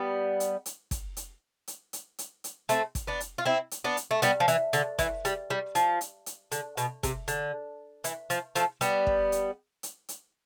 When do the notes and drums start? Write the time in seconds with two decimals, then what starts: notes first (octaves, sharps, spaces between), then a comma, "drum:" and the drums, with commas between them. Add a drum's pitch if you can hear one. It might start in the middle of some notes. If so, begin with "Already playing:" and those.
Already playing: G3 B3
0.40 drum: hi-hat
0.66 drum: hi-hat
0.91 drum: kick, hi-hat
1.17 drum: hi-hat
1.68 drum: hi-hat
1.93 drum: hi-hat
2.18 drum: hi-hat
2.44 drum: hi-hat
2.69 A3 C4, drum: hi-hat
2.95 drum: kick, hi-hat
3.07 B3 D4
3.20 drum: hi-hat
3.38 F4
3.45 C4 E4
3.71 drum: hi-hat
3.84 B3 D4
3.97 drum: hi-hat
4.11 A3
4.22 G3 B3, drum: hi-hat
4.40 F3
4.48 E3, drum: hi-hat
4.73 D3, drum: hi-hat
4.99 E3, drum: kick, hi-hat
5.25 G3, drum: hi-hat
5.50 G3
5.75 F3, drum: hi-hat
6.01 drum: hi-hat
6.26 drum: hi-hat
6.52 D3, drum: hi-hat
6.77 B2, drum: hi-hat
7.03 C3, drum: kick, hi-hat
7.28 D3, drum: hi-hat
8.04 E3, drum: hi-hat
8.30 F3, drum: hi-hat
8.56 F3 A3, drum: hi-hat
8.81 G3 B3, drum: hi-hat
9.07 drum: kick
9.32 drum: hi-hat
9.83 drum: hi-hat
10.09 drum: hi-hat